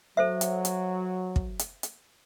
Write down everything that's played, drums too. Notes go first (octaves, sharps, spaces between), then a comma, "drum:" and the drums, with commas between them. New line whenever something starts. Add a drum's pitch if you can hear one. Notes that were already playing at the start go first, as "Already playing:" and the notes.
F#3 A4 C5 E5
drum: hi-hat
drum: hi-hat
drum: kick
drum: hi-hat
drum: hi-hat